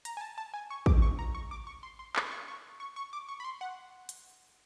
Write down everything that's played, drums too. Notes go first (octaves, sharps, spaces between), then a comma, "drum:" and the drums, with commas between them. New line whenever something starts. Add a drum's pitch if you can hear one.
A#5, drum: hi-hat
G#5
A5
A5
G#5
C#6
D6, drum: kick
C#6
A#5
C#6
D6
C#6
C6
C6
B5, drum: clap
C6
C#6
C#6
C#6
C#6
D6
C#6
B5
C6
F#5
drum: hi-hat